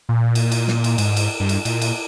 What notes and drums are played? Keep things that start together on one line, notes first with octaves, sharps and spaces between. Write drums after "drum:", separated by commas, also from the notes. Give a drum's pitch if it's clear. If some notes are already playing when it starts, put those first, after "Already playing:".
A#2
drum: cymbal
drum: cymbal
drum: snare
drum: cymbal
G#2, drum: cymbal
drum: cymbal
G2
drum: cymbal
A#2, drum: cymbal
drum: cymbal